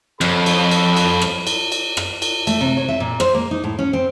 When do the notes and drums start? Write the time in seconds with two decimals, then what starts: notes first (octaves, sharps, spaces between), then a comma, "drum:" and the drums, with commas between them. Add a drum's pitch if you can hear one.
0.21 F2 A4 C#5 B5, drum: rim click
0.46 drum: cymbal
0.71 drum: cymbal
0.96 drum: cymbal
1.22 drum: rim click
1.47 drum: cymbal
1.72 drum: cymbal
1.97 drum: rim click
2.22 drum: cymbal
2.47 A3, drum: cymbal
2.61 C3
2.77 C#5
2.88 E5
3.00 A#2
3.20 C5, drum: rim click
3.34 A#3
3.51 D#4
3.64 A2
3.79 C#4
3.93 C4